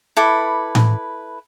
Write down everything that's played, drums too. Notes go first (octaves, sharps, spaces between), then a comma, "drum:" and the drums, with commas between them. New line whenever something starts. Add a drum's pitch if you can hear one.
E4 A4 B4 D6
drum: tom A2